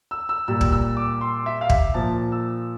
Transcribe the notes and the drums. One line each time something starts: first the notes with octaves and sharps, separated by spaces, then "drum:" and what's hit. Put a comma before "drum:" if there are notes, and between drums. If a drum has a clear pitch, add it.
E6
E6
A#2 G3 E6
drum: kick
E6
D6
C6
E5
F5
E5, drum: kick
A#2 F3 A5
E6